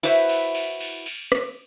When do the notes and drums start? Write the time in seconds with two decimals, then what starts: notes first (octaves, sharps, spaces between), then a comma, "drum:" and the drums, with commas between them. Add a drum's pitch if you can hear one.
0.03 E4 F#4 B4 C5 E5, drum: cymbal
0.29 drum: cymbal
0.55 drum: cymbal
0.80 drum: cymbal
1.06 drum: cymbal
1.32 drum: rim click